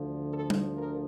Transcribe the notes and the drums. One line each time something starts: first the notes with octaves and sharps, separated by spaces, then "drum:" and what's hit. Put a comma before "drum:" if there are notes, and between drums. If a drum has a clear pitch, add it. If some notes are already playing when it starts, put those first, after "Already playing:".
Already playing: D2 D3 F3
A4
drum: tom G3
A#4